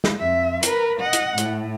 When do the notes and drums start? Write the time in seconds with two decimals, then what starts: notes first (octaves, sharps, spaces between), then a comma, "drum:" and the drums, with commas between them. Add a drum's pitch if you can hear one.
0.04 drum: snare
0.19 F2 E5
0.63 A#4 B4, drum: hi-hat
1.00 D#5 F#5
1.13 drum: hi-hat
1.38 A2, drum: hi-hat